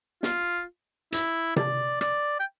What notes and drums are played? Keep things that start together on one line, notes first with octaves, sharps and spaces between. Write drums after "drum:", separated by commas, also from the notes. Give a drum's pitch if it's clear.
F4, drum: snare
E4, drum: hi-hat
D5, drum: tom C3
D5, drum: rim click
G5